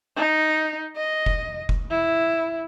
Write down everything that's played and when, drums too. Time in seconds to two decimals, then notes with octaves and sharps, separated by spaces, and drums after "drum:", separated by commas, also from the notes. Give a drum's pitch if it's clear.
0.16 D#4
0.96 D#5
1.26 drum: kick F1
1.69 drum: kick F1
1.90 E4